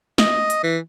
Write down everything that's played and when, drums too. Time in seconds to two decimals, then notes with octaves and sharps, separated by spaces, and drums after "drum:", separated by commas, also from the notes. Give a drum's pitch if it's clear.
0.18 D#5, drum: snare
0.50 drum: hi-hat
0.63 E3